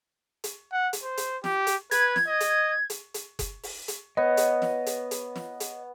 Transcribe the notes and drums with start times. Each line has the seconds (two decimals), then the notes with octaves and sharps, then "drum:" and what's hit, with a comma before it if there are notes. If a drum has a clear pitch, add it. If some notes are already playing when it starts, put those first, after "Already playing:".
0.44 drum: hi-hat
0.72 F#5
0.93 drum: hi-hat
1.03 C5
1.17 drum: hi-hat
1.44 G4, drum: snare
1.67 drum: hi-hat
1.91 B4 G#6, drum: hi-hat
2.16 drum: snare
2.27 D#5
2.40 drum: hi-hat
2.90 drum: hi-hat
3.14 drum: hi-hat
3.39 drum: kick F#1, hi-hat
3.63 drum: open hi-hat
3.88 drum: hi-hat
4.17 B3 C#5 D#5
4.37 drum: hi-hat
4.62 drum: snare
4.86 drum: hi-hat
5.11 drum: hi-hat
5.36 drum: snare
5.60 drum: hi-hat